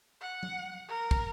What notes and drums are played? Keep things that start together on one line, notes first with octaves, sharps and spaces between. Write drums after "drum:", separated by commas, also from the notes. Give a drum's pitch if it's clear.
F#5
drum: tom F#3
A#4
drum: kick